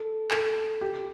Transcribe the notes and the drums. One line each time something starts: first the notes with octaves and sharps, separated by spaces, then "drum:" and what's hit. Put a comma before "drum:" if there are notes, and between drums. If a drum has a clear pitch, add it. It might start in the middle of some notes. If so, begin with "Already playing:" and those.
Already playing: A4
A4, drum: clap
G4